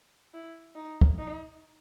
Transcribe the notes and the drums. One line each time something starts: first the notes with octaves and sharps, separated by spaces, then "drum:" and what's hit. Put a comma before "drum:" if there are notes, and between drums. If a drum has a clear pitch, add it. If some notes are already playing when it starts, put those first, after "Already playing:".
E4
D#4
drum: kick
D#4